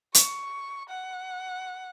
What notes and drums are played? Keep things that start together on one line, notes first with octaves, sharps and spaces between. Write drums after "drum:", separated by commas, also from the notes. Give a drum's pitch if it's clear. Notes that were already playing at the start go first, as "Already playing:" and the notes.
C#6, drum: hi-hat
F#5